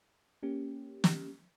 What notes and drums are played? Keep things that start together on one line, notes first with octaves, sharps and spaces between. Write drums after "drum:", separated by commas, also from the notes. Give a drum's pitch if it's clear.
A#3 C#4 G4
drum: snare